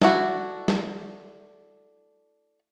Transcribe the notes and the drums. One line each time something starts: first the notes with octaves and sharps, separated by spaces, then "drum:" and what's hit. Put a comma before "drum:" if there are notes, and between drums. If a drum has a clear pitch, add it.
A3 D4 E4 F#4, drum: snare
drum: snare